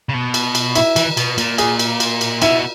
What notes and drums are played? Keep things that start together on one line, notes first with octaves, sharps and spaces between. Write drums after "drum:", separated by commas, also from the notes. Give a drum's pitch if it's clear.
C#3
B2
drum: cymbal
drum: cymbal
E4, drum: cymbal
E3, drum: cymbal
B2, drum: cymbal
A#2, drum: cymbal
G#4, drum: cymbal
drum: cymbal
drum: cymbal
drum: cymbal
B2 E4, drum: cymbal